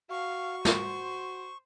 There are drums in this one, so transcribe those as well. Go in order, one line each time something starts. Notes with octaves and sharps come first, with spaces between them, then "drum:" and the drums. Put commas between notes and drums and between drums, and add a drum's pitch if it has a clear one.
F#4 F5 C#6
C5, drum: snare